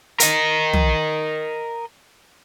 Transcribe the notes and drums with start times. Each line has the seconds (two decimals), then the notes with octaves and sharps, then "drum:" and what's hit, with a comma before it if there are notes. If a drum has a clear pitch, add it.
0.20 A#4 D#5, drum: hi-hat
0.73 drum: tom